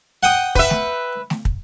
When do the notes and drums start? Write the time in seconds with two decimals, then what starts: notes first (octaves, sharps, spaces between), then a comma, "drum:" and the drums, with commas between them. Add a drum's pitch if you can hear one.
0.23 F#5 G5 D#6
0.55 B4 E5, drum: kick
0.70 drum: snare A3
1.30 drum: snare A3
1.45 drum: kick